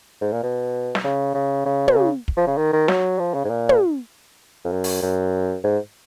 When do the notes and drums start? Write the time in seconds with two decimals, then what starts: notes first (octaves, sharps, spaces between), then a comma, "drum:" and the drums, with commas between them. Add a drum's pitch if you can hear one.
0.21 G#2
0.32 A#2
0.43 B2
0.95 drum: snare
1.04 C#3
1.34 C#3
1.66 C#3
1.88 B2, drum: tom
1.96 C#3
2.28 drum: kick
2.37 F3
2.47 C#3
2.57 D#3
2.73 D#3
2.88 F#3, drum: snare
3.19 F3
3.34 C#3
3.44 G#2
3.50 A#2
3.69 drum: tom
4.64 F2
4.72 F#2
4.84 drum: open hi-hat
5.02 F#2
5.64 G#2